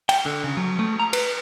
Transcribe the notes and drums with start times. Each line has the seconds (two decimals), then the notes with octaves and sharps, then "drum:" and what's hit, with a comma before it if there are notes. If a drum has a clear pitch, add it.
0.09 G5, drum: cymbal
0.26 D3
0.44 C#3
0.57 F#3
0.79 A3
1.00 A#5
1.13 B4, drum: cymbal